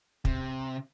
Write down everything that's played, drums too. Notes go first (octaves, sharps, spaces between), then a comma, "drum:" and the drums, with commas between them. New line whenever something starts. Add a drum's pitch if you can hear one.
C3, drum: kick